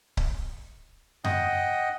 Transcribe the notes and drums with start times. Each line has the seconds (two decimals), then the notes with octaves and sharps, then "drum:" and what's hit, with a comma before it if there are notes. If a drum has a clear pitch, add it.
0.17 drum: kick C#1
1.24 D#5 F#5 G5 D#6, drum: tom F#2